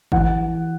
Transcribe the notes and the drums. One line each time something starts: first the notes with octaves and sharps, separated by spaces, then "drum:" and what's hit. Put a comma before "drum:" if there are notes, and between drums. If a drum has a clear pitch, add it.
E3 F#5, drum: kick G#1